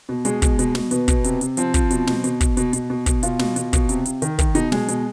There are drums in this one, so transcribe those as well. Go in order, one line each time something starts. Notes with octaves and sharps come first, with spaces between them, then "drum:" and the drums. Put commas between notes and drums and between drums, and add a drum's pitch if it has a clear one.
B2
B2 G#3, drum: hi-hat
B2, drum: kick, hi-hat
B2, drum: hi-hat
B2, drum: snare
B2 B3, drum: hi-hat
B2, drum: kick, hi-hat
C3, drum: hi-hat
C3, drum: hi-hat
F3 C4, drum: hi-hat
F3, drum: kick, hi-hat
B2, drum: hi-hat
B2, drum: snare
B2, drum: hi-hat
B2, drum: kick, hi-hat
B2, drum: hi-hat
B2, drum: hi-hat
B2
B2, drum: kick, hi-hat
B2 F4, drum: hi-hat
B2, drum: snare
B2, drum: hi-hat
B2, drum: kick, hi-hat
C3, drum: hi-hat
C3, drum: hi-hat
D#3, drum: hi-hat
D#3, drum: kick, hi-hat
B2 D#4, drum: hi-hat
B2 G#3, drum: snare
B2, drum: hi-hat